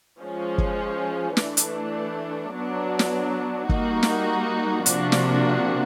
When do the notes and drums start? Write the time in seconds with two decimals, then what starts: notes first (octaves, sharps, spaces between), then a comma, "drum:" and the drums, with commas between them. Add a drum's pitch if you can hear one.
0.21 F3 G#3 C#4
0.58 drum: kick
1.37 E3 A3 D4, drum: snare
1.57 drum: hi-hat
2.53 F#3 B3 D4
2.99 drum: snare
3.69 G3 A#3 D#4 F#4, drum: kick
4.03 drum: snare
4.86 C3 F3 A#3 D4 F#4, drum: hi-hat
5.12 drum: snare